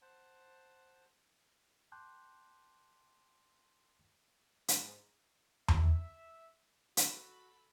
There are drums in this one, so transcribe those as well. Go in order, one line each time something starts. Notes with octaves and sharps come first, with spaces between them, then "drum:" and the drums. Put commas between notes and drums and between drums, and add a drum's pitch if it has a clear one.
C5 F#5 A5
G5 A5 C6 D6 F#6 G6
G#2, drum: hi-hat
E5, drum: tom E2
F#4 A4 B5, drum: hi-hat